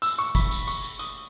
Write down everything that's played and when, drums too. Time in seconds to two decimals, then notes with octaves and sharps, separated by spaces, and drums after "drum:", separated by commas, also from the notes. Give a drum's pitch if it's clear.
0.02 E6, drum: tambourine
0.18 C#6
0.35 B5, drum: kick, tambourine
0.51 drum: tambourine
0.67 C#6, drum: tambourine
0.83 drum: tambourine
0.99 D#6, drum: tambourine